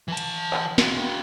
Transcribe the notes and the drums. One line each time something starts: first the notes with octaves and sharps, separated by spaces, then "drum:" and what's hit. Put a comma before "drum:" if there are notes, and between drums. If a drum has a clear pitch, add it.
E3 A5
drum: hi-hat
drum: clap
E4 F#4, drum: snare